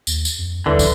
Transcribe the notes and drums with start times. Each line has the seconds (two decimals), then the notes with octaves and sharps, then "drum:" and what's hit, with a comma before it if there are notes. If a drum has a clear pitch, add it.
0.07 D#2, drum: tambourine
0.25 drum: tambourine
0.38 F2
0.66 D#2 D3 E3 G3
0.79 drum: kick, tambourine